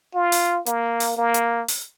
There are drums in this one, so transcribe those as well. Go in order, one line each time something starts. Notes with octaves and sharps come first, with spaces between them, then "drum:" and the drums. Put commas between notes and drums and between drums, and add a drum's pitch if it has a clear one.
F4
drum: open hi-hat
A#3, drum: hi-hat
drum: open hi-hat
A#3
drum: hi-hat
drum: open hi-hat